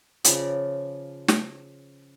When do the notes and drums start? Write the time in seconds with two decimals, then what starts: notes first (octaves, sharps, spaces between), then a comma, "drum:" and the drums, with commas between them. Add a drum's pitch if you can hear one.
0.24 C#3 F3 D5, drum: hi-hat
1.28 drum: snare